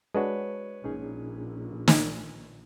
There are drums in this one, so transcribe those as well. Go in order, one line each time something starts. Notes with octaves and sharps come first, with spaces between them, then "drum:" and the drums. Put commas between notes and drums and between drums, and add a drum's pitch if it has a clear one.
G#3 D4 F#4 B4 C#5
A#1 C#4 D#4 G#4
drum: snare